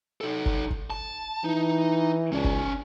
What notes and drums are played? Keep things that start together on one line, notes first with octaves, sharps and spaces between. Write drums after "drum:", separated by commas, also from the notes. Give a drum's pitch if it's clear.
D#4 A4
drum: kick F#1
drum: kick F#1
A5
E3 D#4
C#2 C#4 D5
drum: kick F#1